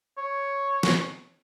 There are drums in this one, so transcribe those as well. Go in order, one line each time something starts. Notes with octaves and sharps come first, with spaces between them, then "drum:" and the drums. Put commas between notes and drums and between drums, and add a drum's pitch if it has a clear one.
C#5
drum: snare